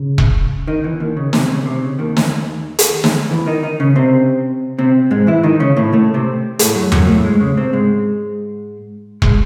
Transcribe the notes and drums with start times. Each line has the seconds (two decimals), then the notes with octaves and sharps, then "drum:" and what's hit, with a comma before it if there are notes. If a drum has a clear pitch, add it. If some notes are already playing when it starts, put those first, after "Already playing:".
Already playing: C#3
0.18 drum: kick E1
0.67 D#3 D#4
0.84 E2 E3
1.00 D#2 D#3
1.17 C#3
1.33 C3, drum: snare
1.50 C#3
1.66 C3
1.82 C#3
1.99 D#2 D#3
2.17 drum: snare
2.79 drum: hi-hat
3.04 drum: snare
3.30 E2 E3
3.46 D#3 D#4
3.63 D#3 D#4
3.80 C#3 C#4
3.96 C3 C4
4.79 C3 C4
5.11 G#2 G#3
5.27 E3 E4
5.43 D#3 D#4
5.60 C#3 C#4
5.77 A2 A3
5.93 A2 A3
6.14 C3 C4
6.59 A2 A3, drum: hi-hat
6.75 F#2 F#3
6.92 F#2 F#3, drum: tom E2
7.08 A2 A3
7.24 G#2 G#3
7.41 C#3
7.57 C3 C4
7.73 G#2 G#3
9.22 G#3, drum: kick E1